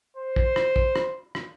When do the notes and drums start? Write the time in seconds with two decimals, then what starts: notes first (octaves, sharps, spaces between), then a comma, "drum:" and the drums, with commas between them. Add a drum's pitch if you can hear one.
0.17 C5
0.36 drum: kick
0.56 drum: rim click
0.76 drum: kick
0.96 drum: rim click
1.35 drum: rim click